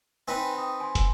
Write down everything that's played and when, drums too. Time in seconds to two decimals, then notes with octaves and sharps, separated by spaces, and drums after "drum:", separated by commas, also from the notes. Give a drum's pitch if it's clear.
0.28 C4 D#4 B4 G#5
0.54 G5 D#6
0.80 G#5 C6
0.95 drum: kick, hi-hat